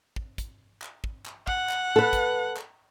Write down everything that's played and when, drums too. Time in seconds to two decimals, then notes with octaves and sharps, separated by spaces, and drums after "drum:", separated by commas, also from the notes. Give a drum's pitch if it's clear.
0.16 drum: kick
0.38 drum: kick, hi-hat
0.82 drum: clap
1.04 drum: kick
1.26 drum: clap
1.47 F#5, drum: kick
1.69 drum: clap
1.96 A4 B4
2.13 drum: kick, hi-hat
2.57 drum: clap